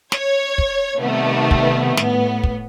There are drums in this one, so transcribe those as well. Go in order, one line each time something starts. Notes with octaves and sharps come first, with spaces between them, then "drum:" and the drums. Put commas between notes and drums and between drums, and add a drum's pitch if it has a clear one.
C#5 G#6, drum: snare
drum: kick
C3 D#3 G3 A3 B3
drum: kick
A2 B3, drum: snare
drum: kick